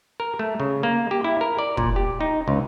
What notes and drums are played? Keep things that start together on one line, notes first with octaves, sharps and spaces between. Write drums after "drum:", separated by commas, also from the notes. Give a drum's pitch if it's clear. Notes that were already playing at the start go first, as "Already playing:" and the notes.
A#4
A3
C#3
A#3
G4
E4
A#4
D5
A#2, drum: kick
G4
D#4
C#2